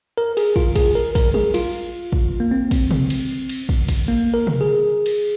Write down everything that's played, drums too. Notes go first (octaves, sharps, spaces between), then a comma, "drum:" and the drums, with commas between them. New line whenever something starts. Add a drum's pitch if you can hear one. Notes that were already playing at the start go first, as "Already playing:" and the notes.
A#4
G#4, drum: cymbal
F4, drum: kick
G#4, drum: kick, cymbal
A#4
A#4, drum: kick, cymbal
G#4, drum: tom
F4, drum: cymbal
drum: kick
A#3
C4
drum: kick, cymbal
drum: tom
drum: cymbal
drum: cymbal
drum: kick
drum: kick, cymbal
A#3
A#4
drum: tom
G#4
drum: cymbal